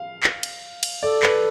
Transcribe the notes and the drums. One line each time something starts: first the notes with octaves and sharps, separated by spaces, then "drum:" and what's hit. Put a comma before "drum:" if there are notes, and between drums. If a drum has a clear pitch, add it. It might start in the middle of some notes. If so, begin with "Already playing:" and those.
Already playing: F5
drum: clap
drum: cymbal
drum: cymbal
A4 D5
B4, drum: clap